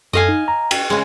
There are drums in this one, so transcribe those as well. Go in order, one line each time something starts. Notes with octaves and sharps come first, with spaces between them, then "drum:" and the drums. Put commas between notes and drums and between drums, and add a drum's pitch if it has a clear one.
F#2 A4 D#5 F5 G#5 C7
D#4
A#5
G5, drum: cymbal
C#3 G#3